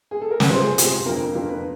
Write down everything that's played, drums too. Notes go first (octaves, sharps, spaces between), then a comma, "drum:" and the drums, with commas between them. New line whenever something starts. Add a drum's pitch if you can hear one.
G#4
A4
A#4
B4, drum: snare
C3 F3 G#3 C5
G#4
C3 F3 G#3, drum: hi-hat
F2 D3 F3 A#3 A#4
F2 D3 F3 A#3
B4